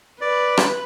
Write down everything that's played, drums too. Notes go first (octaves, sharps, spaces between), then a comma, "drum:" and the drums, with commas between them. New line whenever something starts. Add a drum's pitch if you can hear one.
B4 D5
drum: rim click